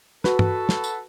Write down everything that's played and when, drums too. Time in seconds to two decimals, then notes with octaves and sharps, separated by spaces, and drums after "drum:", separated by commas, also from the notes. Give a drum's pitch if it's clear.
0.24 F#4 A4 B4, drum: snare
0.39 drum: tom
0.69 drum: snare
0.84 drum: tambourine